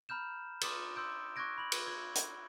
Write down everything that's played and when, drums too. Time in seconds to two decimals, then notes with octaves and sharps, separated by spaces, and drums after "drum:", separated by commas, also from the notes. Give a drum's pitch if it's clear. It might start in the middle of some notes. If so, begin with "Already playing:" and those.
0.09 A#5 B5 F6 G6 E7
0.61 C6 D6 D#6 A6 E7, drum: cymbal
0.96 C6 E6 G6 D7
1.36 C#6 D6 F#6 G#6 A#6 D7
1.58 B5 G#6 F#7
1.72 drum: cymbal
1.87 G#6
2.15 drum: hi-hat